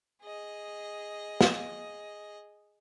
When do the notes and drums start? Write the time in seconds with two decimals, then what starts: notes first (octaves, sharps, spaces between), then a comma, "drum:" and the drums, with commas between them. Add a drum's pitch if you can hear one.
0.23 G#4 D#5
1.41 drum: snare